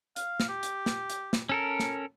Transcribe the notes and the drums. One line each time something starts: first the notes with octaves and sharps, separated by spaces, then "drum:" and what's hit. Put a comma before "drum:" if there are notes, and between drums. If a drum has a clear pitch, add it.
F5, drum: hi-hat
drum: snare
G4
drum: hi-hat
drum: snare
drum: hi-hat
drum: snare
C#4 A4 A#4
drum: snare